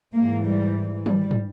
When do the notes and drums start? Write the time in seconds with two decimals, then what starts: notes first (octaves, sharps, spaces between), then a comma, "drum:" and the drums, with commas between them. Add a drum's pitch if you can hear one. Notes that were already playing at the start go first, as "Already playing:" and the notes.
0.15 G#2 E3 A#3
0.46 G3
1.06 G3, drum: tom D#3
1.31 drum: tom